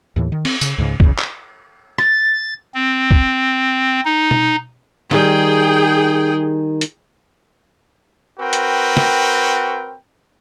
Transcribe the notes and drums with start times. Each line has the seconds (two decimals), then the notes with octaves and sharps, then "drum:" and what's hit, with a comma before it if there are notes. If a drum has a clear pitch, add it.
0.16 D#2 A2 E3
0.32 D#3
0.45 C4, drum: cymbal
0.61 C#3, drum: tambourine
0.78 C#2 G#2 C#3
1.00 B1 E2 C#3, drum: kick
1.19 drum: clap
1.98 A6, drum: rim click
2.74 C4
3.11 drum: kick
4.05 D#4
4.31 drum: tom B2
5.11 D#3 G3 G#4 G5, drum: snare
6.81 drum: hi-hat
8.39 C4 F#4 A#4 B4 G5
8.53 drum: hi-hat
8.97 drum: snare